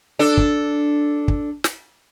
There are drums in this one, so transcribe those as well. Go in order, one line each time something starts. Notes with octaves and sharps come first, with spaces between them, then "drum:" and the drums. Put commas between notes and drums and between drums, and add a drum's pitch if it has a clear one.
D4 A4
drum: kick
drum: kick
drum: snare